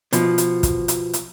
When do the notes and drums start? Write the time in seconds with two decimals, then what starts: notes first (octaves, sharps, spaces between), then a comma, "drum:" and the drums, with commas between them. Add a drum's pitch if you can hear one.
0.13 B2 F3, drum: hi-hat
0.38 drum: hi-hat
0.63 drum: kick, hi-hat
0.88 drum: hi-hat
1.13 drum: hi-hat